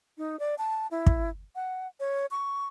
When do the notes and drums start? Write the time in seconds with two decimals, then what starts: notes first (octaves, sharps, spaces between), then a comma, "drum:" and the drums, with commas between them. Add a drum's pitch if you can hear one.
0.18 D#4
0.40 D5
0.58 A5
0.91 E4
1.06 drum: kick
1.56 F#5
2.00 C#5
2.31 C#6